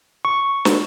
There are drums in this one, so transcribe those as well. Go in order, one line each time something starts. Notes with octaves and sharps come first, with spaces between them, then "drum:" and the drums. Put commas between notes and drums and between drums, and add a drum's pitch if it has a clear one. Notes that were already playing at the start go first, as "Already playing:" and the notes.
C#6
drum: snare